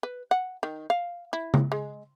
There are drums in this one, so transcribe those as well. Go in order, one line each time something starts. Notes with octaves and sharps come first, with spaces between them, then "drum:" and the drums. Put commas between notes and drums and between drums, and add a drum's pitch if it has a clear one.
B4
F#5
D#3
F5
E4
drum: tom C#3
G#3